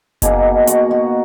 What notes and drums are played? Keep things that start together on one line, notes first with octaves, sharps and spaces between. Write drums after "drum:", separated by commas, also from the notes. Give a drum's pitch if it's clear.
B2 A#3 D#4 G#4, drum: kick F#1, hi-hat
F#4, drum: hi-hat
F#4